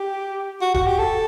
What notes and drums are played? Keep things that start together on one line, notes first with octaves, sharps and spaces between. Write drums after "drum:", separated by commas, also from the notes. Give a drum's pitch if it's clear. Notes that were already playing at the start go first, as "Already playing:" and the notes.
Already playing: G4
F#4
F#4, drum: kick D#1
G4
A4